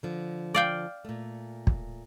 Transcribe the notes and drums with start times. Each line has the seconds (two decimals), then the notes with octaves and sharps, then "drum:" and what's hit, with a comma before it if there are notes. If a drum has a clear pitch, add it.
0.03 D3 F3
0.54 D5 F5 G5
1.05 A#2 A3
1.67 drum: kick